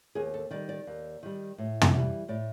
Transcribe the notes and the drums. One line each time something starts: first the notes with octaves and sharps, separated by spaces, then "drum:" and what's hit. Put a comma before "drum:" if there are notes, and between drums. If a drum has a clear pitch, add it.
D#2 G#4
A4
D#3 G3 D5
D5
D#2
D#3 G3
A2
drum: tom
E3 G3
A2 D5